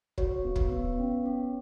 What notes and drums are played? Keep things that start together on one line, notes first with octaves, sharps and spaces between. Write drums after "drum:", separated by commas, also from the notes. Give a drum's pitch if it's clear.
F#4 C#5, drum: kick
B3
drum: kick
B3
C#4
C#4